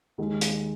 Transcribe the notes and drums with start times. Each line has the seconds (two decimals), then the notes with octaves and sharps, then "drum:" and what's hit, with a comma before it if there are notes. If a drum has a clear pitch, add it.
0.18 D#2 D#3 G#3
0.41 drum: hi-hat